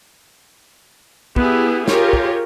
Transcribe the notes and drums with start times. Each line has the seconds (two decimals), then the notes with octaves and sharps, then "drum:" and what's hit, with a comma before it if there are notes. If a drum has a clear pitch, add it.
1.36 B3 E4 G4 G#4, drum: kick
1.88 F4 G4 G#4 A#4 C#5, drum: snare
2.13 drum: kick